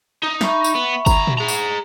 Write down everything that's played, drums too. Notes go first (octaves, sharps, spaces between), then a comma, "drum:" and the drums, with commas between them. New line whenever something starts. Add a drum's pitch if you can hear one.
D#4 D#6
E5 B5 C#6, drum: snare
drum: tambourine
B3
D2 A#5, drum: kick G1, tambourine
drum: tom A#2
G#4 A#5
drum: tambourine